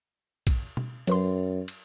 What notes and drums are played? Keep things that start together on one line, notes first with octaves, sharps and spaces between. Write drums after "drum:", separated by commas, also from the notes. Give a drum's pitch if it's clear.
drum: kick A#1, cymbal
drum: tom B2
F#2 F#3 B4 C6, drum: cymbal
drum: cymbal